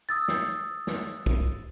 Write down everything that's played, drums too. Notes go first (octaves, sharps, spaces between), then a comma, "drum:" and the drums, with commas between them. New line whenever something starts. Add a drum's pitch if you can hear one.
D#6 E6 A6
drum: snare
drum: snare
drum: kick B1